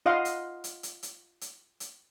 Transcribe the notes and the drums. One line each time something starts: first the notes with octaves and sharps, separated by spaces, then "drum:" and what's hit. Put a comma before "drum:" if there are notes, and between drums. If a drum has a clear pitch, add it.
F4 D#5 F5 F#5 C6
drum: hi-hat
drum: hi-hat
drum: hi-hat
drum: hi-hat
drum: hi-hat
drum: hi-hat